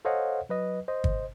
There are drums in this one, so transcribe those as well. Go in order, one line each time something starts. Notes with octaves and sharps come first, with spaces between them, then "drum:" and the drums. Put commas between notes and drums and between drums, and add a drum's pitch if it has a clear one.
A4 C5 C#5 D#5 F5 F#5
F#3 B4 D#5
C5 D#5
drum: kick